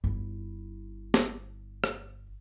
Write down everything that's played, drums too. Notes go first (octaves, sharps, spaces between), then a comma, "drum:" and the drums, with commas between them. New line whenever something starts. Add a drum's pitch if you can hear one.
G1 E4
drum: snare
drum: rim click